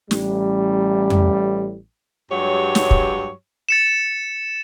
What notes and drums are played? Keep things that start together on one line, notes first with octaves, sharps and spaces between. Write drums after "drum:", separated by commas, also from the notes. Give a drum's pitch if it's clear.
A1 G3, drum: snare
drum: tom F2
G2 F#3 G#3 G4 C#5
drum: snare
drum: kick
A6 C#7 E7